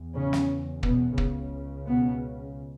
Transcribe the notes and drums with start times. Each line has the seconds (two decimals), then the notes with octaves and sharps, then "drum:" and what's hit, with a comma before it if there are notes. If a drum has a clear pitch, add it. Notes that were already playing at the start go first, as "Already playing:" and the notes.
Already playing: E2
0.14 C#3 C#4
0.33 drum: snare
0.83 B2 B3, drum: kick
1.18 C#2 C#3, drum: kick
1.87 B2 B3